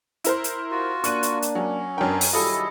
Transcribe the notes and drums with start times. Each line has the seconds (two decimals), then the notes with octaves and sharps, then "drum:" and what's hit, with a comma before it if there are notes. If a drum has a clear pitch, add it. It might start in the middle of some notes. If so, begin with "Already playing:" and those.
0.24 E4 A#4 C5, drum: hi-hat
0.44 drum: hi-hat
0.71 F4 F#4
1.04 A#3 D4 C#6 F#6 D#7, drum: hi-hat
1.23 drum: hi-hat
1.42 drum: hi-hat
1.55 F#3 C#4
1.98 F#2 B2 D4 A#4 G5
2.21 drum: open hi-hat
2.33 D#3 F#3 G3 E4 F4 G#4 A4 D#5